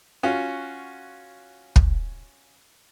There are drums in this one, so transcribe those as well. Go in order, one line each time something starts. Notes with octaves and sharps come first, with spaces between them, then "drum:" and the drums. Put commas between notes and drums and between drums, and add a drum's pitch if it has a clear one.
C#4 F4 F#4
drum: kick